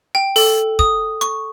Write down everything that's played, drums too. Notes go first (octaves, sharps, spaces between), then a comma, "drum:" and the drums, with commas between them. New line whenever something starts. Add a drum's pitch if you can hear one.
G5
A4, drum: open hi-hat
D#6, drum: kick
C#6, drum: hi-hat